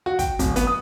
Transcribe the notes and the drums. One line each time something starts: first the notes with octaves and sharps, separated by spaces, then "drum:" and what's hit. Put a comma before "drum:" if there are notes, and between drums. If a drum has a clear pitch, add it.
F#4
G5, drum: kick, hi-hat
D1, drum: kick, hi-hat
B3, drum: hi-hat
D#6